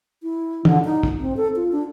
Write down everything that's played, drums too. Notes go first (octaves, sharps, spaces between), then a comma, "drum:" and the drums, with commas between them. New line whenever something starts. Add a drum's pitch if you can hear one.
E4
D3, drum: tom
D#4
drum: kick
C4
A4
F4
D4